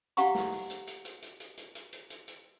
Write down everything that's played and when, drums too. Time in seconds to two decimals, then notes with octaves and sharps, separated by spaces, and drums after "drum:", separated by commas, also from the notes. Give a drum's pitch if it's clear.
0.17 G4 F5 F#5 A#5 C#6, drum: hi-hat
0.35 drum: snare
0.52 drum: open hi-hat
0.70 drum: hi-hat
0.87 drum: hi-hat
1.05 drum: hi-hat
1.22 drum: hi-hat
1.40 drum: hi-hat
1.58 drum: hi-hat
1.75 drum: hi-hat
1.93 drum: hi-hat
2.10 drum: hi-hat
2.28 drum: hi-hat